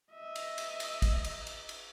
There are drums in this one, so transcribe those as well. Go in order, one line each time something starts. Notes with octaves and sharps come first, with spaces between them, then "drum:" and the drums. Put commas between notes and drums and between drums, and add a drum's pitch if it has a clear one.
D#5 E5
drum: cymbal
drum: cymbal
drum: cymbal
drum: kick, cymbal
drum: cymbal
drum: cymbal
drum: cymbal